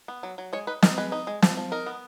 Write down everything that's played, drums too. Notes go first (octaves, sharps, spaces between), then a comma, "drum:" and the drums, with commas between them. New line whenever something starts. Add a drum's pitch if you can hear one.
B3
F#3
F#3
G#3 C#5
D#4 B4
D#4 A#4, drum: snare
G#3 B4
D#4
G#3
F3, drum: snare
F3
D#4 A#4
B3